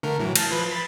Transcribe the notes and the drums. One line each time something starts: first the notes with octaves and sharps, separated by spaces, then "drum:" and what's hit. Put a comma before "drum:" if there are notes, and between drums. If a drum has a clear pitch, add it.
D3 A3 A#4
A2 E3 F#3
A5 F6 G6, drum: cymbal
F3 B4
B5 A6